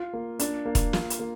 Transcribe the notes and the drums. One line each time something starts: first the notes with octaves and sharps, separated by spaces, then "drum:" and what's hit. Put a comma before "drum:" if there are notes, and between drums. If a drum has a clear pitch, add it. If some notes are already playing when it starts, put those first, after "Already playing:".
Already playing: F4
A#3
D4, drum: hi-hat
A#3
drum: kick E1, hi-hat
F4, drum: snare
drum: hi-hat
A#3